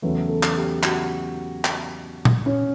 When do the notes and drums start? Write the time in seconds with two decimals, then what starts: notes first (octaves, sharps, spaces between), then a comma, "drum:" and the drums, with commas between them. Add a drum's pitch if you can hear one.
0.02 E2 C#3 F#3 A3 B4
0.29 A4
0.43 drum: clap
0.57 G4
0.83 F#4, drum: clap
1.65 drum: clap
2.25 drum: tom A#2
2.46 C#4